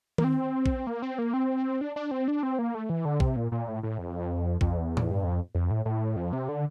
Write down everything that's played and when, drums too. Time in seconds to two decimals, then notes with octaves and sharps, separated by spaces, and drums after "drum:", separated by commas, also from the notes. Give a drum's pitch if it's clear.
0.18 A#3, drum: tom D#3
0.24 C4
0.66 drum: kick A#1
0.87 A#3
1.02 C4
1.18 A#3
1.34 C4
1.81 D4
1.96 D4
2.11 C4
2.28 D4
2.43 C4
2.59 A#3
2.75 A3
2.89 E3
3.05 D3
3.20 C3, drum: kick A#1
3.36 A#2
3.52 A#2
3.68 A2
3.83 A2
3.98 F2
4.61 F2, drum: kick A#1
4.77 E2
4.97 drum: tom A2
5.11 G2
5.24 F2
5.55 F2
5.71 A2
5.85 A2
6.16 F2
6.33 C3
6.49 D3